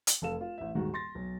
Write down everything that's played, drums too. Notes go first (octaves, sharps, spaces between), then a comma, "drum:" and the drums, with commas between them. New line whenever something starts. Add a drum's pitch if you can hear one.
drum: hi-hat
F1 A4 F5 E7
F4
A1 E5
D#1 G#2 D#3 F#4
C6 A6 A#6
B1